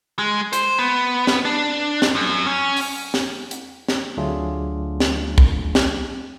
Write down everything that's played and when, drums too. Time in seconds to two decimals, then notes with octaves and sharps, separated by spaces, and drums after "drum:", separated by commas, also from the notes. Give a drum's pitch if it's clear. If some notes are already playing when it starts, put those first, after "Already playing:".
0.19 G#3
0.53 C5, drum: hi-hat
0.79 B3
1.27 drum: snare
1.45 D4
2.02 drum: snare
2.15 F#2
2.46 C#4
2.77 drum: open hi-hat
3.14 drum: snare
3.51 drum: hi-hat
3.88 drum: snare
4.17 D2 F#3 A3 D4 F4 G#4
5.00 drum: snare
5.38 drum: kick
5.75 drum: snare